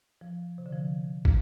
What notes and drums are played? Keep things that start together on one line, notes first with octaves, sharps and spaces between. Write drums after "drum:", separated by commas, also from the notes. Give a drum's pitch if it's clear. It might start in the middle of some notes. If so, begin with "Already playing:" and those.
F3
C3
D3
F3
drum: kick